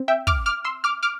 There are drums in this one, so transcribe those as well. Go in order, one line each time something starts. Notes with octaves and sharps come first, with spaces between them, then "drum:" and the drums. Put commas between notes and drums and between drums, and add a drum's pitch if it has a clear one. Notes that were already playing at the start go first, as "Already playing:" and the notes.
Already playing: C4
E5 G5
D6 F6, drum: kick
D6 F6
C6 E6
D6 F6
D6 F6